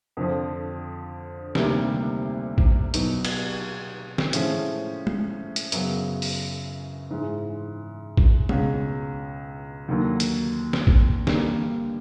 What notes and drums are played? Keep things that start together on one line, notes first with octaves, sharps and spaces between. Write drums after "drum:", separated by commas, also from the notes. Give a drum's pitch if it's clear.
F2 D3 F3
D2 C3 D#3 G3 A#3, drum: snare
drum: kick A1
B2 F#3 B3 D#4, drum: hi-hat
drum: cymbal
drum: snare
A2 F3 G#3 C#4, drum: hi-hat
drum: tom
drum: hi-hat
F#2 C#3 F#3 B3, drum: hi-hat
drum: open hi-hat
G#2 E3 G#3
drum: kick A1
C#2 B2 G#3 C#4, drum: tom
D#2 D3 F#3 A#3
drum: hi-hat
drum: snare
drum: kick A1
G2 D3 G3 A#3 D#4, drum: snare